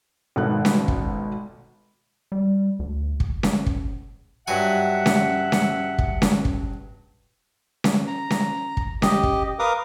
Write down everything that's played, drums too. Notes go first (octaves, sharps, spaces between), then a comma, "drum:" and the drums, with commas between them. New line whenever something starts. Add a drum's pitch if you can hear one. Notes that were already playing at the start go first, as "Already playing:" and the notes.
G#1 B2 D#3 A4 F#5 F#6
drum: snare C#4
drum: kick
G3
D2
drum: kick
drum: snare C#4
drum: kick
G2 F#3 E5 F#5 G#5
drum: snare C#4
drum: snare C#4
drum: kick
drum: snare C#4
drum: kick
drum: snare C#4
A#5
drum: snare C#4
drum: kick
G4 D#5, drum: snare C#4
drum: kick
A#4 B4 F5 D6 D#6